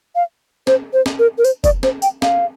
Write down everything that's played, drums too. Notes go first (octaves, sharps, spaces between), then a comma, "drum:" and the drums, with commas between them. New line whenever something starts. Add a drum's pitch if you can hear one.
F5
C5, drum: snare
C5
drum: snare
A#4
A#4
C5, drum: tambourine
D5, drum: kick F1, tambourine
C5, drum: snare
G5, drum: tambourine
F5, drum: snare